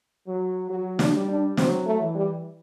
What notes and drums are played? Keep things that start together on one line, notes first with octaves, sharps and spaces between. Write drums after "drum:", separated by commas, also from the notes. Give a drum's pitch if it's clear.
F#3
F#3 F#4
D4, drum: snare
G3
D4
F#3 C4, drum: snare
A3
E3
G3